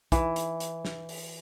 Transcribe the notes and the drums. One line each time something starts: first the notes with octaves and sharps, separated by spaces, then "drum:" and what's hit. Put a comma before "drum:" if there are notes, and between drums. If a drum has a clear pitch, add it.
E3, drum: kick, hi-hat
drum: hi-hat
drum: hi-hat
drum: snare
drum: open hi-hat